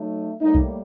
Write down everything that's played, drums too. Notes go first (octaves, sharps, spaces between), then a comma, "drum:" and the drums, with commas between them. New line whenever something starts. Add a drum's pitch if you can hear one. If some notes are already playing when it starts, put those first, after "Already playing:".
Already playing: F#3 A3 D#4
A2 G3 A#3 D#4
drum: kick B1